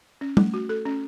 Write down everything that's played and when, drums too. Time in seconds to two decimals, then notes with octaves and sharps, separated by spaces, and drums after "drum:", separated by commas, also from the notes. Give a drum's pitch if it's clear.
0.21 C#4
0.37 A3, drum: tom G3
0.54 F#4
0.69 A4
0.85 C#4